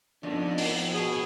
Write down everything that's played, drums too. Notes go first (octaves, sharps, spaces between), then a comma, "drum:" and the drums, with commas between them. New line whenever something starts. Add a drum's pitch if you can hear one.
F2 F3 B3 D4 D#4
drum: open hi-hat
B2 G#4